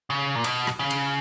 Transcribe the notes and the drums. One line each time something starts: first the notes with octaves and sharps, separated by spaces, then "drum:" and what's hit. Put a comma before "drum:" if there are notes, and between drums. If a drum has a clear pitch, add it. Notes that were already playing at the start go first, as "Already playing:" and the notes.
C#3
A#2
B2, drum: cymbal
drum: rim click
C#3
drum: cymbal